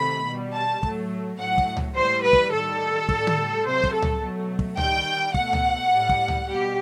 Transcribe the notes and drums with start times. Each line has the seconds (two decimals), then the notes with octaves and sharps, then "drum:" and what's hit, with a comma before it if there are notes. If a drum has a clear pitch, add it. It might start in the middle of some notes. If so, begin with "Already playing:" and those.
Already playing: C3 D#3 A3 B5
0.26 B2 G3
0.54 A5
0.83 A2 F#3 A3, drum: kick
1.39 A2 F#3 A3 F#5
1.58 drum: kick
1.77 drum: tom C#2
1.95 A2 E3 G3 C5
2.23 B4
2.33 drum: kick
2.52 D#3 G3 A4
3.09 A2 G3, drum: kick
3.27 drum: tom D3
3.65 C3 F#3 A3 C5
3.84 drum: kick
3.93 A4
4.02 drum: tom C#2
4.21 B2 F#3 A3
4.59 drum: kick
4.77 D#3 G3 G5, drum: tom C#2
5.34 B2 A3 F#5, drum: kick
5.53 drum: tom C#2
5.91 A2 G3
6.09 drum: kick
6.28 drum: tom C#2
6.47 B2 G3 G4